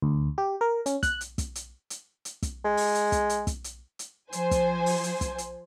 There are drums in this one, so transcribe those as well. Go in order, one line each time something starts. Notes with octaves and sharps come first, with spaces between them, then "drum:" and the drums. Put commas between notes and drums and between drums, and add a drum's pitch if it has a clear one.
D2
G4
A#4
C#4, drum: hi-hat
F#6, drum: kick, hi-hat
drum: hi-hat
drum: kick, hi-hat
drum: hi-hat
drum: hi-hat
drum: hi-hat
drum: kick, hi-hat
G#3
drum: open hi-hat
drum: hi-hat
drum: kick, hi-hat
drum: hi-hat
drum: kick, hi-hat
drum: hi-hat
drum: hi-hat
F3 C5 G#5, drum: hi-hat
drum: kick, hi-hat
drum: open hi-hat
drum: hi-hat
drum: kick, hi-hat
drum: hi-hat